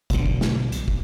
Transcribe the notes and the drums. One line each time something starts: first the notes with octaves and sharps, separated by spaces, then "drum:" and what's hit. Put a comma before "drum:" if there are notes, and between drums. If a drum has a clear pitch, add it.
B1 D3, drum: kick, hi-hat
drum: kick
drum: snare
drum: hi-hat
drum: kick